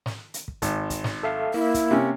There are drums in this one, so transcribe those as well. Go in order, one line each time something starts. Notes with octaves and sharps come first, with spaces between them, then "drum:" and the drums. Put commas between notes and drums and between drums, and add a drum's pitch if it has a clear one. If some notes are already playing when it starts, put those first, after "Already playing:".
drum: snare
drum: hi-hat
drum: kick
G#1, drum: kick, hi-hat
drum: kick, hi-hat
drum: snare
A4 E5 F5
A#3 E4
drum: kick, hi-hat
C3 C#4